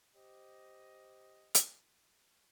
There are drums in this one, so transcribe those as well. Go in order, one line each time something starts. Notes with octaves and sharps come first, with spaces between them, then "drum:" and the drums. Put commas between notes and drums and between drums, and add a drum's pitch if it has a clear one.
G4 C5 D#5
drum: hi-hat